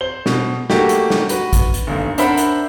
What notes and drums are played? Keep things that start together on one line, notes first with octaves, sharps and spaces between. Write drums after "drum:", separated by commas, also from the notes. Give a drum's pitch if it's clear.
C5 G7
B2, drum: snare
A3 A#3 F#4 G4, drum: snare
drum: hi-hat
drum: snare
F#4 B4, drum: hi-hat
drum: kick, hi-hat
drum: hi-hat
G1 D#2
D4 A#4 C5 E5 F#5 B5, drum: hi-hat
drum: hi-hat